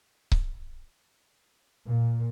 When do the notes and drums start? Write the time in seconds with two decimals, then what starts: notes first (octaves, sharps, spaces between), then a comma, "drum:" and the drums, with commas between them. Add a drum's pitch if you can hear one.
0.32 drum: kick C#1
1.87 A#2